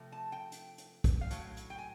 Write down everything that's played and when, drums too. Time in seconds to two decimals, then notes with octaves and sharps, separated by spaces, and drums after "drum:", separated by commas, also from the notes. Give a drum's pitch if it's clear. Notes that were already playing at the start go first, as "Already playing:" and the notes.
Already playing: C3 F3 A3
0.12 A5
0.32 G5
0.52 drum: hi-hat
0.78 drum: hi-hat
1.04 drum: kick, hi-hat
1.21 F5
1.31 A2 F#3, drum: hi-hat
1.57 drum: hi-hat
1.70 G5
1.78 G#5